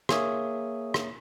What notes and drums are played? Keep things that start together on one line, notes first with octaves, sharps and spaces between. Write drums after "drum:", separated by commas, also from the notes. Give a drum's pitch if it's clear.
A#3 G#4 C#5 E5 D#6, drum: rim click
drum: rim click